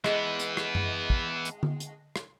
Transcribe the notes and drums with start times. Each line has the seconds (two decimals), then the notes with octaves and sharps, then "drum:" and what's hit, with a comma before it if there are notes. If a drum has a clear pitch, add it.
0.04 E3 G#3 B3, drum: rim click
0.40 drum: hi-hat
0.57 drum: rim click
0.75 drum: tom F#2
1.10 drum: kick
1.45 drum: hi-hat
1.63 drum: tom D3
1.80 drum: hi-hat
2.16 drum: rim click